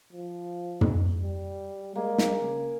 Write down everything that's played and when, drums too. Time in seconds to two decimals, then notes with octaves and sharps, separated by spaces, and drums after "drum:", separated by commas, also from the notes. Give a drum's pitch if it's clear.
0.13 F3
0.81 drum: tom
1.21 G3
1.96 G#3 A#3 G#4
2.18 drum: snare
2.40 C#3